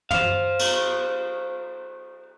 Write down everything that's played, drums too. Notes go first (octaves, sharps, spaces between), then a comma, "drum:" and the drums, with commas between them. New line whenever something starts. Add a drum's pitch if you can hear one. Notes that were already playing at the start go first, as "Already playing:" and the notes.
C5 F5, drum: tom
drum: cymbal